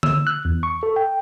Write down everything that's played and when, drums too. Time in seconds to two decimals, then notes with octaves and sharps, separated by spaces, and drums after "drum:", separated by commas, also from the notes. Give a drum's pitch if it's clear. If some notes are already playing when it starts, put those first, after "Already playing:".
0.03 E6, drum: tom D3
0.27 F#6
0.45 E2
0.63 C#6
0.83 A4
0.96 G5